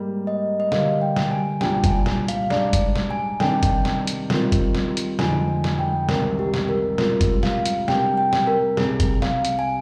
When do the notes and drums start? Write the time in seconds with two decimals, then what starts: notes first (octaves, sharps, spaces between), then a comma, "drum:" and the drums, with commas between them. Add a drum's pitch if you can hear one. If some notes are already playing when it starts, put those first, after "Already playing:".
Already playing: G#2 G3 A#3
0.27 D#5
0.60 D#5
0.72 D3 G3 D4 G4 A#4 F5, drum: snare
1.02 G5
1.16 drum: snare
1.31 G#5
1.61 C2 A#2 G3 D4 G4 G5, drum: snare
1.84 G#5, drum: kick, hi-hat
2.06 drum: snare
2.28 F5, drum: hi-hat
2.50 G#2 G3 D4 D5, drum: snare
2.73 drum: kick, hi-hat
2.96 drum: snare
3.11 G#5
3.40 C3 D#3 G3 D4 G4 G5, drum: snare
3.63 drum: kick, hi-hat
3.85 drum: snare
4.07 drum: hi-hat
4.30 D#3 G3 C4 F4 A#4, drum: snare
4.52 drum: kick, hi-hat
4.75 drum: snare
4.97 drum: hi-hat
5.19 F2 D3 G#3 D#4 G#5, drum: snare
5.49 G#5
5.64 drum: snare
5.79 G5
6.09 C2 C3 D#3 G#3 A#4, drum: snare
6.39 G4
6.54 drum: snare
6.69 A#4
6.98 G#2 G3 C4 F4 A#4, drum: snare
7.21 drum: kick, hi-hat
7.43 F5, drum: snare
7.66 drum: hi-hat
7.88 C3 G3 D4 G4 A#4 G5, drum: snare
8.17 G5
8.33 drum: snare
8.47 A#4
8.77 C2 C3 G3 G#4, drum: snare
9.00 drum: kick, hi-hat
9.22 F5, drum: snare
9.45 drum: hi-hat
9.59 G#5